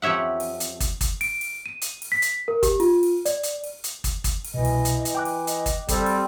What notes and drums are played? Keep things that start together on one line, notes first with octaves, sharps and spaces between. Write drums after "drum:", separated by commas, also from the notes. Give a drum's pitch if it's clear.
F2 G4 C#5 E5 F#5
drum: open hi-hat
drum: hi-hat
drum: kick, hi-hat
drum: kick, hi-hat
D7, drum: open hi-hat
drum: open hi-hat
D#7
drum: hi-hat
drum: open hi-hat
B6
drum: hi-hat
A#4
G4, drum: kick, hi-hat
F4, drum: open hi-hat
drum: open hi-hat
D5, drum: hi-hat
drum: hi-hat
drum: open hi-hat
drum: hi-hat
drum: kick, hi-hat
drum: kick, hi-hat
drum: open hi-hat
C2 B2 E3 D#5
drum: open hi-hat
drum: hi-hat
drum: hi-hat
G5 D6 F#6
drum: open hi-hat
D#5, drum: hi-hat
drum: kick, hi-hat
G3 C4 A4, drum: kick, hi-hat
drum: open hi-hat